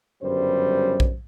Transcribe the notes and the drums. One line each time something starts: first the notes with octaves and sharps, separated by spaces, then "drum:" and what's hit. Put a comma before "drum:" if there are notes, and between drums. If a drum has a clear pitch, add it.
G1 F#2 C#3 G3 B4 C5
drum: kick A#1